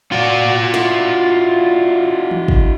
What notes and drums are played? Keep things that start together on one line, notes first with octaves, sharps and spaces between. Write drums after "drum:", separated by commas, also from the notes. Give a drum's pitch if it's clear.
F4 F#4 D5
E4 F#4, drum: snare
drum: tom E3
drum: kick